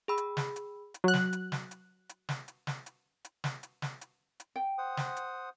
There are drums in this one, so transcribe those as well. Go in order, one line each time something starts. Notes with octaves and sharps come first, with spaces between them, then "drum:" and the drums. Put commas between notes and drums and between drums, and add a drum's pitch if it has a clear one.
G#4 G5 B5 E6
drum: hi-hat
drum: snare
drum: hi-hat
drum: hi-hat
F#3 F#6
drum: snare
drum: hi-hat
drum: snare
drum: hi-hat
drum: hi-hat
drum: snare
drum: hi-hat
drum: snare
drum: hi-hat
drum: hi-hat
drum: snare
drum: hi-hat
drum: snare
drum: hi-hat
drum: hi-hat
G5
C5 F#5 D#6
drum: snare
drum: hi-hat